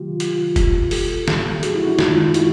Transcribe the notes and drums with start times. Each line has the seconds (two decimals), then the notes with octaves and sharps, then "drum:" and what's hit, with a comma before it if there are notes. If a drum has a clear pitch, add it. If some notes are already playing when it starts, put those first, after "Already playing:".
Already playing: C3 D#3 F#3 A3 F4 G4
0.20 F4 G4, drum: hi-hat
0.56 E2 B2 G3, drum: kick, hi-hat
0.91 G4 A4, drum: open hi-hat
1.28 A2 E3 G3, drum: snare
1.63 F#4 G#4, drum: hi-hat
1.75 E4 F#4
1.87 D4 E4
1.99 F#2 D#3 G#3 D#4 F4, drum: snare
2.34 E4 F#4, drum: hi-hat